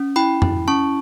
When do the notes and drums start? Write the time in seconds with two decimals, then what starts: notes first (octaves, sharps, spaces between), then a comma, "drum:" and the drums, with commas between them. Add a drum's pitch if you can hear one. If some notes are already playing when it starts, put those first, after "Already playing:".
Already playing: C#4
0.16 E4 G5 B5
0.42 E4, drum: tom
0.68 C#4 A5 C#6